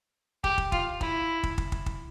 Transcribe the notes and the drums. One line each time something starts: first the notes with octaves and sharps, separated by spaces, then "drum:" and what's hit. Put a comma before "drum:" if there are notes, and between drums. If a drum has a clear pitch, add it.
G4, drum: kick
drum: kick
F4, drum: kick
E4, drum: kick
drum: kick
drum: kick
drum: kick
drum: kick